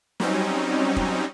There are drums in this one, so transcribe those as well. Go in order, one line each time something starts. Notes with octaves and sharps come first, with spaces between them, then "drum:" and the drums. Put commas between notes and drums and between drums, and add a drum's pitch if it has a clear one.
F#3 G3 C4 C#4 D#4, drum: snare
drum: kick